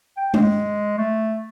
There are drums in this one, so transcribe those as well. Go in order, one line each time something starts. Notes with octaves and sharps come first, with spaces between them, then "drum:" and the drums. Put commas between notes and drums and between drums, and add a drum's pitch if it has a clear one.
G5
G#3, drum: tom G#3
A3